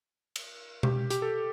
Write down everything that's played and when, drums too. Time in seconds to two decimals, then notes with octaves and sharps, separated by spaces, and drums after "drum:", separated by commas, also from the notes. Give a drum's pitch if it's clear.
0.36 drum: cymbal
0.83 G4, drum: tom B2
1.10 G4, drum: hi-hat
1.22 A4